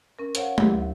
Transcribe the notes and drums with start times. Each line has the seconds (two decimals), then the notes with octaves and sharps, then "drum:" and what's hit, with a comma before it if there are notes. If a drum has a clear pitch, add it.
0.19 C#4 A#4
0.35 C5 C#5 F5 F#5, drum: hi-hat
0.58 F#3 E4 G4, drum: tom
0.72 D2 E5